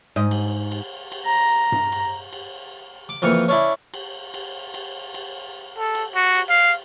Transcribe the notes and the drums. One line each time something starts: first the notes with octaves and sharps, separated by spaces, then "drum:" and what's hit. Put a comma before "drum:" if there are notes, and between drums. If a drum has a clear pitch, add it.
G#2 D#5
drum: cymbal
drum: cymbal
drum: cymbal
A#5
drum: tom G2
drum: cymbal
drum: cymbal
D6
F2 E3 A#3 C#6
C#4 D4 E4
drum: cymbal
drum: cymbal
drum: cymbal
drum: cymbal
A4
drum: cymbal
F#4
drum: cymbal
F5